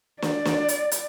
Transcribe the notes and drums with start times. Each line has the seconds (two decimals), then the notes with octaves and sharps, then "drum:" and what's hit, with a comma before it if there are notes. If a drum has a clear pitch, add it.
0.22 D5, drum: snare
0.45 drum: snare
0.68 drum: hi-hat
0.92 drum: hi-hat